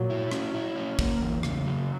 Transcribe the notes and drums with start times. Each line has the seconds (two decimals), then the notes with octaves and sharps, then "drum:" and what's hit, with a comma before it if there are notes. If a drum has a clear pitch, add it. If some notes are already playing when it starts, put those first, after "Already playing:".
Already playing: A#2 F#3
0.10 E4
0.31 C#4, drum: rim click
0.54 E4
0.76 C#4
0.99 A#3, drum: kick
1.21 E2
1.43 C#3, drum: rim click
1.66 F#3